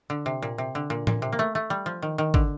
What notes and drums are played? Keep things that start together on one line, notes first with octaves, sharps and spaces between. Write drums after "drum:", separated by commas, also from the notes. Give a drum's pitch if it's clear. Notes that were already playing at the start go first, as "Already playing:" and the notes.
D3
C3
A#2
C3
D3
A#2
A#2, drum: tom A2
C3
A#3
A3
A3
G3
F3
D#3
D#3
D3, drum: kick